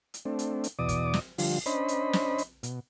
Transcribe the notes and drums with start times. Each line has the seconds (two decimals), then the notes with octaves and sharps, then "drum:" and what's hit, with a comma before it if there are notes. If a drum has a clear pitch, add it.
0.14 drum: hi-hat
0.25 A3 C4 D4
0.39 drum: hi-hat
0.64 drum: hi-hat
0.79 E2 B2 D5 D6 D#6
0.89 drum: kick, hi-hat
1.14 drum: snare
1.38 D3 F3 G3 F4, drum: open hi-hat
1.66 C#4 D4 C5 D#5 B5, drum: hi-hat
1.88 drum: hi-hat
2.13 drum: snare
2.38 drum: hi-hat
2.63 B2, drum: hi-hat